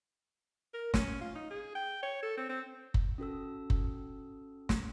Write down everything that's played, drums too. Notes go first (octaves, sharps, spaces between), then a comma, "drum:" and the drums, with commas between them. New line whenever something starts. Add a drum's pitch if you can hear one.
A#4
C#4, drum: snare
F4
D#4
G#4
G5
C#5
A4
C4
C4
drum: kick F#1
C#4 F#4 A4 E6
drum: kick F#1
drum: snare